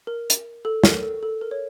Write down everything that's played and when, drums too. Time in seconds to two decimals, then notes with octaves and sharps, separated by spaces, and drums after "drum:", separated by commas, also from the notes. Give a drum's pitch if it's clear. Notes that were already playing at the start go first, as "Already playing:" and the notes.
0.07 A#4
0.30 drum: hi-hat
0.65 A4
0.84 A#4, drum: snare
1.03 A4
1.23 A4
1.41 A#4
1.51 C#5